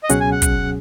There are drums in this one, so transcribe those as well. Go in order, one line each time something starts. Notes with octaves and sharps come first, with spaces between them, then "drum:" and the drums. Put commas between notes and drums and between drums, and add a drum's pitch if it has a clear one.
D#5
C#2 B2 F#3 C#4 G#4 F#5, drum: hi-hat
G#5
F#5
drum: kick, hi-hat